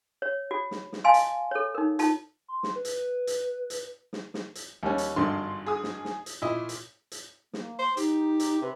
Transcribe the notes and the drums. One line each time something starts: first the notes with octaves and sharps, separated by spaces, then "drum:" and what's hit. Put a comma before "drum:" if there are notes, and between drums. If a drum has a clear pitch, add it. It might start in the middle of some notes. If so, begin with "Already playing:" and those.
C#5
F#4
drum: snare
drum: snare
D#5 F5 G#5 A5 C6
drum: hi-hat
A4 C#5
D#4 A#4
D#4 F4 A5, drum: hi-hat
C6
drum: snare
B4
drum: hi-hat
drum: hi-hat
drum: hi-hat
drum: snare
drum: snare
drum: hi-hat
D#2 G3 C#4
drum: hi-hat
G#1 G2 D3 C6
G#4 D#6
drum: snare
drum: snare
drum: hi-hat
A#2 E4 D#5
drum: hi-hat
drum: hi-hat
A#3, drum: snare
C5
D#4 G4, drum: hi-hat
drum: hi-hat
C3 B4